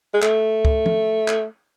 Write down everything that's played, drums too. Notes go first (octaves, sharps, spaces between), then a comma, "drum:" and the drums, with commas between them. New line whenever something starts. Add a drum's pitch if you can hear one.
G#3
A3, drum: clap
drum: kick
drum: tom
drum: clap